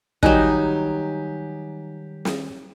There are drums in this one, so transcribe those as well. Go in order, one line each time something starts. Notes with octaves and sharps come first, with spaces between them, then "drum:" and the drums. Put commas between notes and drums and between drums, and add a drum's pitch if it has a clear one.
D#3 F#3 G3 D#4 G4 G#5 F#6, drum: kick
drum: snare